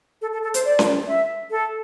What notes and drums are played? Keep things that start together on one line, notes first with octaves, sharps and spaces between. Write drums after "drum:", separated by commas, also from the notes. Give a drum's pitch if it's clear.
A4
A4
A4
C5, drum: hi-hat
D5
drum: snare C#4
E5
A4